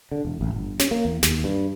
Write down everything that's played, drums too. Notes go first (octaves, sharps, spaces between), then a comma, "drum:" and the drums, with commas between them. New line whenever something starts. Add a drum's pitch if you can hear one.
D3
E1
A1
G1
C#4, drum: snare
A#3
E2
D#2, drum: snare
G2